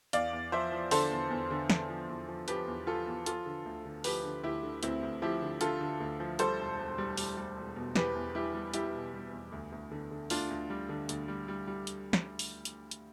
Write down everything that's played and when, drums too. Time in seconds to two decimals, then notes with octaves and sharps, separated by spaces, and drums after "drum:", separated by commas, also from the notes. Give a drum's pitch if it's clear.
0.13 E2 D5 F5, drum: hi-hat
0.33 E2
0.52 F3 C5 E5
0.72 F3
0.91 D3 A4 C5, drum: open hi-hat
1.11 E2
1.30 E2
1.50 D3
1.70 D3, drum: snare
1.90 F3
2.09 E2
2.28 F3
2.48 F3 G4 B4, drum: hi-hat
2.68 E2
2.87 F3 F4 A4
3.07 E2
3.26 F3 F4 A4, drum: hi-hat
3.46 D3
3.66 D2
3.85 D3
4.04 F3 G4 B4, drum: open hi-hat
4.24 D3
4.43 D2 E4 G4
4.63 D3
4.83 D2 C4 E4, drum: hi-hat
5.03 D2
5.22 F3 E4 G4
5.42 D3
5.61 D3 F4 A4, drum: hi-hat
5.81 D3
6.00 D2
6.20 F3
6.39 G3 A4 C5, drum: hi-hat
6.59 E1
6.78 E1
6.98 G3
7.17 G3, drum: open hi-hat
7.37 G3
7.57 E1
7.76 B2
7.95 E2 G4 B4, drum: snare
8.15 E2
8.35 G3 E4 G4
8.54 G3
8.74 G3 E4 G4, drum: hi-hat
8.94 B2
9.13 G3
9.33 E2
9.52 D2
9.72 D2
9.91 D3
10.11 D3
10.30 D2 D4 F4, drum: open hi-hat
10.50 D2
10.70 G3
10.89 D3
11.09 D2, drum: hi-hat
11.28 G3
11.48 G3
11.67 G3
11.87 drum: hi-hat
12.13 drum: snare
12.39 drum: open hi-hat
12.65 drum: hi-hat
12.91 drum: hi-hat